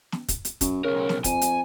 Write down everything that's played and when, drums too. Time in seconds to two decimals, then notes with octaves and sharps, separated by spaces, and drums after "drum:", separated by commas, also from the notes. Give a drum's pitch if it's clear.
0.12 drum: snare
0.28 drum: kick, hi-hat
0.45 drum: hi-hat
0.61 F#2, drum: kick, hi-hat
0.84 B1 C#3 A#4
1.09 drum: snare
1.24 F2 G#5, drum: kick, hi-hat
1.41 drum: hi-hat